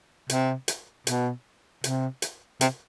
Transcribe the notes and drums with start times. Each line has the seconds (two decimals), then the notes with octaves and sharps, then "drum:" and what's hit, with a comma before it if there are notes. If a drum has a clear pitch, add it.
0.30 C3, drum: hi-hat
0.68 drum: hi-hat
1.07 B2, drum: hi-hat
1.84 C3, drum: hi-hat
2.22 drum: hi-hat
2.61 C3, drum: hi-hat